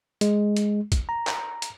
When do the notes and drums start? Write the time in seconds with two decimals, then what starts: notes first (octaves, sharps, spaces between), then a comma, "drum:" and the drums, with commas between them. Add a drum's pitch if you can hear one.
0.21 G#3, drum: hi-hat
0.56 drum: hi-hat
0.92 drum: kick, hi-hat
1.09 A#5
1.27 drum: clap
1.62 drum: hi-hat